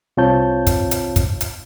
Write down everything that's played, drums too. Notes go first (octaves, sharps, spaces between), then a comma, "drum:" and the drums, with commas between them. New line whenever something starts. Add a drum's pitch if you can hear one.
C2 C4 F4 C#5 A5 G6
drum: kick, hi-hat
drum: hi-hat
drum: kick, hi-hat
drum: hi-hat